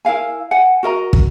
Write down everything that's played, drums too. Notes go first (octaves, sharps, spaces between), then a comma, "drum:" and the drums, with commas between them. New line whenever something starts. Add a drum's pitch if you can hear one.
E4 A#4 F5 G#5
F#5 G#5
F#4 A#4 D#5 A#5
drum: kick